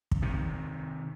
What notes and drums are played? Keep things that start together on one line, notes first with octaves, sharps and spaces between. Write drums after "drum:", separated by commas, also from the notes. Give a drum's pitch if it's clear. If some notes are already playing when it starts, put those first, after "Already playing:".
drum: kick
C3 D#3